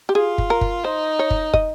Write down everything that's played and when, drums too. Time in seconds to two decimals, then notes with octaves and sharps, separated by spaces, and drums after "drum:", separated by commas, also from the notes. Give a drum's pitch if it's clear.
0.09 G4
0.15 F4 G#4
0.38 drum: kick
0.50 A#4
0.61 drum: kick
0.84 D#4 C5
1.19 C#5
1.31 drum: kick
1.54 D#5, drum: kick